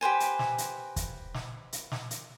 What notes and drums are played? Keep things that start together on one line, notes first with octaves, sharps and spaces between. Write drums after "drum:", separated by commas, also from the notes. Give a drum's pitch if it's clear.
G4 B4 C5 G#5
drum: hi-hat
drum: snare
drum: hi-hat
drum: kick, hi-hat
drum: snare
drum: hi-hat
drum: snare
drum: hi-hat